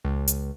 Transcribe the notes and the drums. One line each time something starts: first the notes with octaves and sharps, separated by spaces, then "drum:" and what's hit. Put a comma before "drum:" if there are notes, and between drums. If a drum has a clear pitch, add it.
C#2
drum: hi-hat